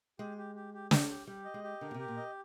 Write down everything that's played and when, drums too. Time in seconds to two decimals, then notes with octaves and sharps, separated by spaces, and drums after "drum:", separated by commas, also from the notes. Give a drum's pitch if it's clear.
0.19 G#3 G4
0.37 G4
0.55 G4
0.74 G4
0.91 G4, drum: snare
1.10 G4
1.27 G3 G4
1.45 D#5
1.54 G#3
1.64 G4
1.81 D3 A#4
1.91 A#2
1.94 C3
1.99 G4
2.08 A#2
2.17 D#5